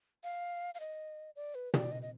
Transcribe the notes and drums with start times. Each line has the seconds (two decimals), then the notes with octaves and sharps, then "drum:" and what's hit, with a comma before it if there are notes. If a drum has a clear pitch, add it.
0.24 F5
0.75 F5
0.80 D#5
1.36 D5
1.55 B4
1.74 D5, drum: tom
1.92 D#5
2.02 D#5